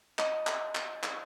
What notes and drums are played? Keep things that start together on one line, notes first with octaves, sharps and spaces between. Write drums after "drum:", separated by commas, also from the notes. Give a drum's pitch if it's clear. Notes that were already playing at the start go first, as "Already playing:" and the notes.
D#5, drum: clap
drum: clap
drum: clap
drum: clap